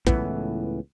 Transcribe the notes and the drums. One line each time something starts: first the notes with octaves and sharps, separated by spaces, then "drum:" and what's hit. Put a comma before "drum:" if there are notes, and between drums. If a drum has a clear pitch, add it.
C#2 A2 E3 B3, drum: kick